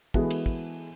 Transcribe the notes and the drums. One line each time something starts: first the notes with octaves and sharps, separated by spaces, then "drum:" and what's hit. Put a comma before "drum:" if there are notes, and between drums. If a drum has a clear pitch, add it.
E3 G#3 B3 F#4 G#4 A4, drum: kick
drum: cymbal
drum: kick